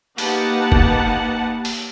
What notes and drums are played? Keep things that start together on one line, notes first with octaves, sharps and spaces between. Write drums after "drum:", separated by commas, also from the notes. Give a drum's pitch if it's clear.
A#3 D#4 G4 B4 F#5 A5, drum: open hi-hat
drum: kick
drum: open hi-hat